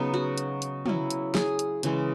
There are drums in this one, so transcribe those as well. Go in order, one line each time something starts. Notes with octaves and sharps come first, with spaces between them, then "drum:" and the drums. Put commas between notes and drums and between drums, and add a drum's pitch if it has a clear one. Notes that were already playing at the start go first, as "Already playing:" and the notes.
Already playing: C#3 F#3 B3 D#4
F#4
drum: hi-hat
drum: hi-hat
F#3 C#4 E4, drum: tom
drum: hi-hat
G#4, drum: snare
drum: hi-hat
C#3 E3 G#3, drum: hi-hat